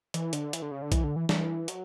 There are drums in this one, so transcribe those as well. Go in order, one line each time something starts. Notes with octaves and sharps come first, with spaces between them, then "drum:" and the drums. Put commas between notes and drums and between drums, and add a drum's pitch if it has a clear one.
E3, drum: hi-hat
D3, drum: hi-hat
E3, drum: hi-hat
D3
C#3
D3
E3, drum: kick B1, hi-hat
D3
E3
E3, drum: snare
F#3, drum: hi-hat